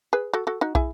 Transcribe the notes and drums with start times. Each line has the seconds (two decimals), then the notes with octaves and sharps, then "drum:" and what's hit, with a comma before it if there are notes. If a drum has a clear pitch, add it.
0.13 G#4 B4
0.33 F#4 A4
0.47 F#4 A4
0.61 D#4 F#4
0.75 E4 G#4, drum: kick